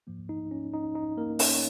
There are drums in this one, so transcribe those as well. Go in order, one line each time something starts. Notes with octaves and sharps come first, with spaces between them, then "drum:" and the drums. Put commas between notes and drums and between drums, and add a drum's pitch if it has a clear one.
G#2 F3 A#3
D#4
C#4
D#4
D#4
A#3 A#4
C#4 C#5, drum: open hi-hat